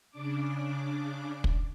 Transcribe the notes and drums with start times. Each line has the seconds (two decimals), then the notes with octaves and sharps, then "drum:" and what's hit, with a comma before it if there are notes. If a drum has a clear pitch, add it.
0.11 C#3 D4 D6
1.44 drum: kick